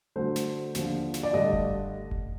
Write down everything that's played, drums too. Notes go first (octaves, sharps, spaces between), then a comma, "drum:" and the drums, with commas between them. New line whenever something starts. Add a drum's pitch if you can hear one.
D2 D3 A3 C5
drum: snare
D#2 D3 F3, drum: snare
drum: snare
D5
G2 D3 A3 D#5
drum: kick F1
drum: kick F1